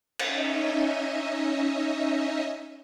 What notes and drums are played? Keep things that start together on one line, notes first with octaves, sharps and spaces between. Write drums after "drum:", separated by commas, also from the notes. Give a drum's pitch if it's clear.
C#4 D#4 D#5 E5, drum: cymbal